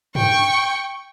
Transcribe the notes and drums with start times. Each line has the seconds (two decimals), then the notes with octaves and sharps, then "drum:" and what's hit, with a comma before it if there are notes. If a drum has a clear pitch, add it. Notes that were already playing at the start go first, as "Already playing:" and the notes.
0.15 G5 C#6, drum: tom